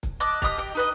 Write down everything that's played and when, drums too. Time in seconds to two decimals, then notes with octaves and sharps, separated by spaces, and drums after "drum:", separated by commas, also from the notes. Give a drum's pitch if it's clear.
0.03 drum: kick, hi-hat
0.20 D#5 A5 D6 F#6, drum: hi-hat
0.42 G4 D#5 D#6 F6, drum: kick, hi-hat
0.58 G4 G5, drum: hi-hat
0.75 D#4 B4 D#5